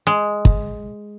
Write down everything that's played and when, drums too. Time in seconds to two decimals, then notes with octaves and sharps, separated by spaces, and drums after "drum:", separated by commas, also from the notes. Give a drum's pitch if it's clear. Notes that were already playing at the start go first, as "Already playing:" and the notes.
0.07 G#3
0.45 drum: kick